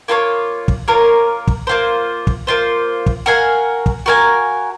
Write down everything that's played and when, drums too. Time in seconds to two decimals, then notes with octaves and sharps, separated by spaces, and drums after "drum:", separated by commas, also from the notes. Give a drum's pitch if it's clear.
0.08 A#3 F4 A#4 C#5
0.68 drum: kick
0.88 A#3 F4 A#4 C#5
1.47 drum: kick
1.67 A#3 F4 C5
2.27 drum: kick
2.47 A#3 F4 C5
3.06 drum: kick
3.26 F#4 A#4 F5 G#5
3.86 drum: kick
4.06 F#4 A#4 F5 G#5